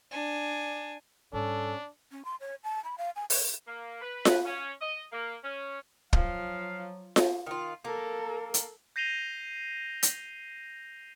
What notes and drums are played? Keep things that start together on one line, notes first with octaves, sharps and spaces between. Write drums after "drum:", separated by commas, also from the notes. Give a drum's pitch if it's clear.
D4 G#5
G#2 G3 C#4 D4 A4
C#4
C6
C#5
A5
B5
F5
G#5
C#5, drum: open hi-hat
A#3
B4
drum: snare F4
C#4
D#5
A#3
C#4
F3 F#3 F5, drum: kick
drum: snare F4
D#3 F4
A#3 A4 A#4
drum: hi-hat
G6 A#6 C7 D#7 F7 G7
drum: hi-hat